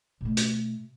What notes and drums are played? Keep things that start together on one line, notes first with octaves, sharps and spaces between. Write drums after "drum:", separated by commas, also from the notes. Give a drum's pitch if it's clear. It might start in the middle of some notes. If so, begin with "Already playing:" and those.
B2 A3
drum: hi-hat